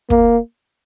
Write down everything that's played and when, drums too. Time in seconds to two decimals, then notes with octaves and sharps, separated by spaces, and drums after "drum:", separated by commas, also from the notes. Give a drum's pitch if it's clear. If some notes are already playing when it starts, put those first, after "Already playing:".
0.10 A#3, drum: kick